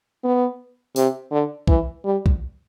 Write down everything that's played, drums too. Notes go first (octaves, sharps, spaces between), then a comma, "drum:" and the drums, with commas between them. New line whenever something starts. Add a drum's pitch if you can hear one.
B3
C3, drum: open hi-hat
D3
E3, drum: kick B1
G3
drum: kick B1